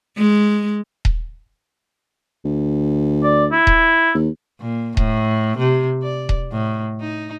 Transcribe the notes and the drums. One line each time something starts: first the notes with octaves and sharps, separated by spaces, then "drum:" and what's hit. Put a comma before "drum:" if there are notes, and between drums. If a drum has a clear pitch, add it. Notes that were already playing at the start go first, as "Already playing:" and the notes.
G#3
drum: kick D#1
D2
D5
E4
drum: kick D#1
D#2
A#2
A2, drum: kick D#1
C3
D5
drum: kick D#1
A2
D#4